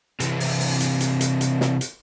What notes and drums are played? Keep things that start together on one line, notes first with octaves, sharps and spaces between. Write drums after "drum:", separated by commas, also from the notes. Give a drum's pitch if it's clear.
C3 E3, drum: hi-hat
drum: open hi-hat
drum: open hi-hat
drum: hi-hat
drum: hi-hat
drum: hi-hat
drum: hi-hat
drum: snare
drum: hi-hat